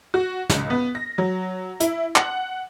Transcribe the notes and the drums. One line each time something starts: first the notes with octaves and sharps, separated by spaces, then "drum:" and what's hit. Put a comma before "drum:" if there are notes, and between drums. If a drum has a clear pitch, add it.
F#4
C#2, drum: snare
B3
A#6
F#3
E4, drum: hi-hat
F#5, drum: clap